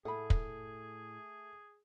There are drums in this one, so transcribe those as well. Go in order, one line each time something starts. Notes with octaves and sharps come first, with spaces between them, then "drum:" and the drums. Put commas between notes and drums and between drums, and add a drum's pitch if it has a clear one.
A2 A3 G#4 F#5 B5
drum: kick